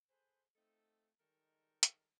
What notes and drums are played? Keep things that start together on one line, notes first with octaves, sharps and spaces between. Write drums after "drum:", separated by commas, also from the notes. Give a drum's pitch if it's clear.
G#4 A4 B4 C5
A3 C4 D#4 F4 A4
D#3 G3 G#3 D#4 A4 A#4
drum: hi-hat